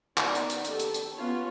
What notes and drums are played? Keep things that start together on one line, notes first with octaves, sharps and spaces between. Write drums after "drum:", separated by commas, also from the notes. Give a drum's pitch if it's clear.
D#3 B3 D#4 A#4 D5, drum: clap
drum: hi-hat
drum: hi-hat
G4 A4, drum: hi-hat
drum: hi-hat
drum: hi-hat
B3 C#4 F4 C#5